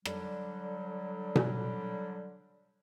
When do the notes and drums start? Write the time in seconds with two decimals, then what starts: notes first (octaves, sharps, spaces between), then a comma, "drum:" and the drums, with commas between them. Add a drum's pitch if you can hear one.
0.05 D3 F#3 G3, drum: rim click
1.35 drum: tom B2